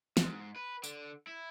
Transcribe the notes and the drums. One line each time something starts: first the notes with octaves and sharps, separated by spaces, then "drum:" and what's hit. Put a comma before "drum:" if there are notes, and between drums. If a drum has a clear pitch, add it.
G#2, drum: snare
B4
D3, drum: tambourine
E4